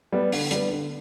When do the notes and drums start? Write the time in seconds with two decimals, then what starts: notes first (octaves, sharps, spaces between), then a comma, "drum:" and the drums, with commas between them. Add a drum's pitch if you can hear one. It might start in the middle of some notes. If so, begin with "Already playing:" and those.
0.12 G3 B3
0.32 D3, drum: open hi-hat
0.51 G3 B3, drum: hi-hat
0.70 D3